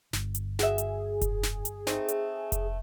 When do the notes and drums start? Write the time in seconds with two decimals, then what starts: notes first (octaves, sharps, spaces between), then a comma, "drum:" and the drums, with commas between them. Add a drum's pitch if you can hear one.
0.13 G1, drum: snare
0.35 drum: hi-hat
0.59 F#4 G#4 E5, drum: snare
0.78 drum: hi-hat
1.21 drum: kick F1, hi-hat
1.43 drum: snare
1.65 drum: hi-hat
1.87 A3 C4 D#4, drum: snare
2.08 drum: hi-hat
2.52 drum: kick F1, hi-hat